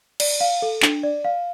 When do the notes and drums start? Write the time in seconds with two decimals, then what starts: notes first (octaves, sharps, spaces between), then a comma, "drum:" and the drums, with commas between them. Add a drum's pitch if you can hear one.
0.20 D5, drum: cymbal
0.41 F5
0.62 A4
0.82 D4, drum: clap
1.03 D5
1.25 F5